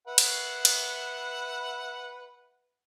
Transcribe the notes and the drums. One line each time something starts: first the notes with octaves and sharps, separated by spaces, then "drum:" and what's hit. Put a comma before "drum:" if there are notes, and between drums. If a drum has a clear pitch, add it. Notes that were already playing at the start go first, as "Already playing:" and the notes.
B4 E5 F#5
drum: cymbal
drum: cymbal